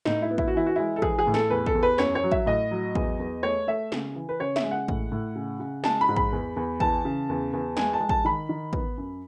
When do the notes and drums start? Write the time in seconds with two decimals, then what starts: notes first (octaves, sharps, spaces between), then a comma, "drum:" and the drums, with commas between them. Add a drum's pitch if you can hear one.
0.05 A2 D#4, drum: snare
0.22 E4
0.31 B3
0.38 E4, drum: kick
0.47 F#4
0.54 E3 E4
0.66 F#4
0.76 G#3 E4
0.96 A4
1.02 E3 G#4, drum: kick
1.18 G#4
1.27 A2
1.34 A4, drum: snare
1.50 E2 B4
1.66 A4, drum: kick
1.74 E2
1.83 B4
1.98 F#2 C#5, drum: snare
2.15 C#5
2.23 F#3
2.32 E5, drum: kick
2.46 A2 D#5
2.71 F#3
2.95 E2, drum: kick
3.20 E2
3.43 A3 C#5
3.67 A3 E5
3.92 C#3, drum: snare
4.16 E3
4.29 B4
4.40 C#3 C#5
4.56 E5, drum: snare
4.63 G#3
4.71 F#5
4.88 A2, drum: kick
5.12 A2
5.35 C#3
5.60 C#3
5.84 G#3 A5, drum: snare
6.01 B5
6.09 G#2
6.16 B5, drum: kick
6.32 E2
6.56 E2
6.80 E3 A5, drum: kick
7.05 C#3
7.29 E2
7.53 E2
7.77 G#3 G#5, drum: snare
7.93 A5
8.00 G#3
8.09 A5, drum: kick
8.25 D#3 B5
8.49 D#3
8.73 B3, drum: kick
8.97 F#2